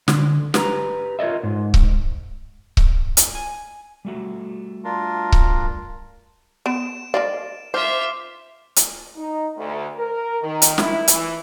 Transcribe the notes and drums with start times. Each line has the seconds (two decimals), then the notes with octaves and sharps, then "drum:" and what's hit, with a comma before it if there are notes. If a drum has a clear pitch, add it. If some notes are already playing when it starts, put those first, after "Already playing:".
0.08 D3, drum: snare
0.54 G4 B4 A5 A#5, drum: snare
1.19 F4 A#4 C#5 D#5 E5
1.43 G#2
1.74 drum: kick C#1
2.77 drum: kick C#1
3.17 drum: hi-hat
3.35 G#5
4.05 G3 A3 F#4
4.84 D4 F4 A#4
5.32 drum: kick C#1
6.66 B3 D7 E7
7.14 A#4 D5 D#5 F5
7.74 F4 C5 E5 D6 F6
8.76 drum: hi-hat
9.15 D#4
9.55 D2
9.95 A#4
10.41 D#3
10.62 drum: hi-hat
10.78 E4, drum: snare
11.08 E3, drum: hi-hat